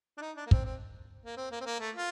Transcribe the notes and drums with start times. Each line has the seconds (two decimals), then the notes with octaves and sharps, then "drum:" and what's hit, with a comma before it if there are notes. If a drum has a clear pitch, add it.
0.18 D4
0.21 D#4
0.37 D4
0.47 A#3
0.51 C4, drum: kick
0.65 C4
1.25 A#3
1.37 C4
1.52 A#3
1.61 C4
1.66 A#3
1.80 A3
1.95 F4